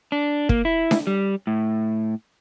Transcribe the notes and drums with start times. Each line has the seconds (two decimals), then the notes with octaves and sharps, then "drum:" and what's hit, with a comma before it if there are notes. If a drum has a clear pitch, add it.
0.12 D4
0.49 A#3, drum: kick
0.65 E4
0.91 drum: snare D4
1.07 G3
1.47 A2